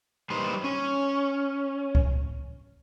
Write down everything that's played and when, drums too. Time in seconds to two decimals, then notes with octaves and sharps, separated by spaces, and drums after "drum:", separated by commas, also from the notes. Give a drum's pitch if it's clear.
0.30 G3 A#3 D#4 B4 C5
0.64 C#4
1.95 drum: kick C#2